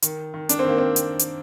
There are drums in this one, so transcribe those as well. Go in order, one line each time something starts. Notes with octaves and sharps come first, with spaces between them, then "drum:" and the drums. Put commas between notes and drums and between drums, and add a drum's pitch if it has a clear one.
D#3, drum: hi-hat
D#3
D4, drum: hi-hat
C4
D#3 A#3
C4
drum: hi-hat
drum: hi-hat